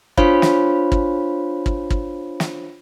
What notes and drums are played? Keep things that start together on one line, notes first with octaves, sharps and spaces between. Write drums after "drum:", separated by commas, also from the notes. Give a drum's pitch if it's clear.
D4 F4 C5 C#5 F5 B5, drum: kick
drum: snare
drum: kick
drum: kick
drum: kick
drum: snare